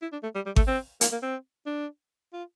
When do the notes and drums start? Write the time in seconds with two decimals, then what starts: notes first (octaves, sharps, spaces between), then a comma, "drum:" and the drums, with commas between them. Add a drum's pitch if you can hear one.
0.02 E4
0.12 D4
0.23 A3
0.35 G3
0.46 G3
0.56 A3, drum: kick G#1
0.68 C4
1.01 A#3, drum: hi-hat
1.12 A#3
1.22 C4
1.66 D4
2.33 F4